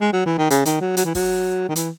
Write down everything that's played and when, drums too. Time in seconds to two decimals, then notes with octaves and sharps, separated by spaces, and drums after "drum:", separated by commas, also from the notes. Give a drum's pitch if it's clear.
0.01 G#3
0.13 F#3
0.26 E3
0.38 D#3
0.50 C#3, drum: hi-hat
0.65 D#3, drum: hi-hat
0.81 F#3
0.97 F#3, drum: hi-hat
1.05 E3
1.15 F#3, drum: kick, open hi-hat
1.69 D#3
1.76 E3, drum: hi-hat